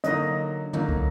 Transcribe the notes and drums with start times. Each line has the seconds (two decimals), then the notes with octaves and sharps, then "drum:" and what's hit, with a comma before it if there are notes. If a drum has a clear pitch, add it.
0.04 D3 F#3 A#3 D#4 D#5, drum: hi-hat
0.73 D3 F#3 A#3 D#4, drum: tom
0.89 drum: kick